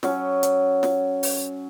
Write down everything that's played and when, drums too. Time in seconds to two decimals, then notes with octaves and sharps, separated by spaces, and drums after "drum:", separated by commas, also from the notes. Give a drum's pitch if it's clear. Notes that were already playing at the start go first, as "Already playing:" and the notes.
0.03 F#3 C#4, drum: snare
0.43 drum: hi-hat
0.83 drum: snare
1.23 drum: open hi-hat